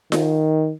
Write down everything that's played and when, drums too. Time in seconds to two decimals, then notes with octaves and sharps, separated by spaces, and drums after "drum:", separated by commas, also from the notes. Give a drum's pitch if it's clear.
0.12 D#3, drum: snare F4